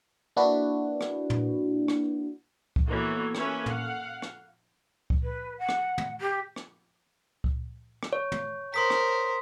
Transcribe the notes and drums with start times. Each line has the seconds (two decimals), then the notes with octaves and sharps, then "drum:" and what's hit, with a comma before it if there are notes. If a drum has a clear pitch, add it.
0.36 A#3 D4 E4 F#4 B4
1.01 drum: rim click
1.30 drum: tom
1.88 drum: rim click
2.76 drum: kick C#2
2.87 E3 A#3 B3 F#4 A4 C#5
3.35 A#3 C#4 A4 B4 C#5 E5, drum: rim click
3.66 F5 F#5, drum: tom
4.22 drum: rim click
5.10 drum: kick C#2
5.23 B4
5.58 F#5
5.69 drum: rim click
5.98 drum: tom
6.20 G4
6.56 drum: rim click
7.44 drum: kick C#2
8.03 drum: rim click
8.13 C#5
8.32 drum: tom
8.74 A#4 C5 C6 D#6 B6
8.90 drum: rim click